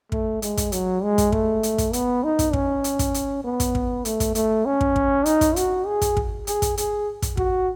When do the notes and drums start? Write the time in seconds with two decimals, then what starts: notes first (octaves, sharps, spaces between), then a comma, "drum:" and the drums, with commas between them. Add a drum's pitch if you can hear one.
0.12 A3, drum: kick
0.42 G#3, drum: hi-hat
0.57 drum: kick, hi-hat
0.72 F#3, drum: hi-hat
1.03 G#3
1.18 drum: kick, hi-hat
1.32 A3, drum: kick
1.63 drum: hi-hat
1.78 drum: kick, hi-hat
1.93 B3, drum: hi-hat
2.24 D#4
2.39 drum: kick, hi-hat
2.53 C#4, drum: kick
2.84 drum: hi-hat
2.99 drum: kick, hi-hat
3.14 drum: hi-hat
3.44 B3
3.60 drum: kick, hi-hat
3.75 drum: kick
4.05 A3, drum: hi-hat
4.20 drum: kick, hi-hat
4.35 A3, drum: hi-hat
4.65 C#4
4.81 drum: kick
4.96 drum: kick
5.26 D#4, drum: hi-hat
5.41 drum: kick, hi-hat
5.56 F#4, drum: hi-hat
5.87 G#4
6.02 drum: kick, hi-hat
6.17 drum: kick
6.47 G#4, drum: hi-hat
6.62 drum: kick, hi-hat
6.77 G#4, drum: hi-hat
7.22 drum: kick, hi-hat
7.37 F#4, drum: kick